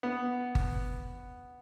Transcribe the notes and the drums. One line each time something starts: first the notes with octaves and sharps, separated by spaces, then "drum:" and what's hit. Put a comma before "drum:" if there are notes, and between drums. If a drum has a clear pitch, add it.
B3
drum: kick G1